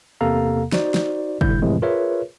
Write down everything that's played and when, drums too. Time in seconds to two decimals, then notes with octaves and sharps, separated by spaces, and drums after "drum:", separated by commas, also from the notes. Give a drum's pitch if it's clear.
0.21 E2 C3 A#3 A4 F5 A#5
0.72 D#4 F#4 C5 D5, drum: snare
0.94 drum: snare
1.41 G1 C2 A2 D3 E4 G6, drum: kick
1.62 F2 A2 C3 E3 G#3
1.82 F4 G#4 A#4 B4 C#5 E5